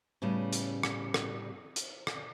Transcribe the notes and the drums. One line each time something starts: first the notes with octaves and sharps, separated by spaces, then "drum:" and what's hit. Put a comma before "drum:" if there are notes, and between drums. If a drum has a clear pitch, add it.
A2 C#3 G3 B3 C#4
drum: hi-hat
drum: rim click
drum: rim click
drum: hi-hat
drum: rim click